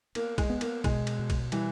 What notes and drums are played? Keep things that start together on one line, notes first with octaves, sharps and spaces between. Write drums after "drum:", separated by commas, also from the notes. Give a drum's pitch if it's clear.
A#3 B3, drum: cymbal
G#3, drum: kick, cymbal
B3
A#3, drum: cymbal
B2 G#3, drum: kick, cymbal
drum: cymbal
B2
drum: kick, cymbal
E3 G3, drum: cymbal